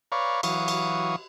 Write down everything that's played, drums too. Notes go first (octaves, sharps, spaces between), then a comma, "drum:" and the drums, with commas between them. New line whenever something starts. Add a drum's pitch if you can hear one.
B4 C#5 D5 F5 A#5 C#6
E3 F#3 F5 C#6 D#6, drum: cymbal
drum: cymbal